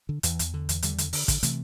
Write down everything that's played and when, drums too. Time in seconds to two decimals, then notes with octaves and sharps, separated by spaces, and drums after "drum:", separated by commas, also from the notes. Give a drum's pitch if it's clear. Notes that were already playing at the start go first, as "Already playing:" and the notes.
0.09 D3
0.23 E2 E3, drum: hi-hat
0.39 E2, drum: hi-hat
0.54 D3
0.69 E2, drum: hi-hat
0.82 E2 D3 G3, drum: hi-hat
0.98 D3, drum: hi-hat
1.13 D3, drum: open hi-hat
1.28 D3, drum: kick, hi-hat
1.43 C3 E3 A3, drum: hi-hat